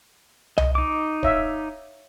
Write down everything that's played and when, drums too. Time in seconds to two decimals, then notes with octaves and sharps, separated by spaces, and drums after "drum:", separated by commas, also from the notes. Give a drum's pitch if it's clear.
0.58 D#5, drum: tom C2
0.75 D#4 D6
1.23 C#5 E5 F5, drum: kick D1